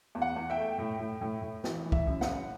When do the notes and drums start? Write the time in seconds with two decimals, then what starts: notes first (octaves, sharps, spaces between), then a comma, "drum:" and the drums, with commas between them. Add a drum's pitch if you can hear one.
0.15 E2
0.22 F#5
0.36 E2
0.50 E5 G5
0.57 A3
0.78 A2
0.99 A2
1.21 A2
1.42 A2
1.64 E3, drum: snare
1.86 E3
1.92 E5, drum: kick
2.07 F#2
2.21 F#5, drum: snare
2.28 C#3